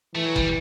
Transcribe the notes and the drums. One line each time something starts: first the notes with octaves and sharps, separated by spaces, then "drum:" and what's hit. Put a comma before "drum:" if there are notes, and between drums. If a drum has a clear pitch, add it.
E3 A3
F#3
G3, drum: kick